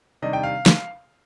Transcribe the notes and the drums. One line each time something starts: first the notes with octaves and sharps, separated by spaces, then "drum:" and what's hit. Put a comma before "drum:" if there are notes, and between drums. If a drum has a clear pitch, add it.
C3 D#3 G3 D4 D#5
G5
F5
drum: snare